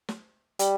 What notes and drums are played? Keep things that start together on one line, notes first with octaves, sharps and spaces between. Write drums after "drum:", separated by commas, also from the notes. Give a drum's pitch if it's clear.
drum: snare
G3, drum: hi-hat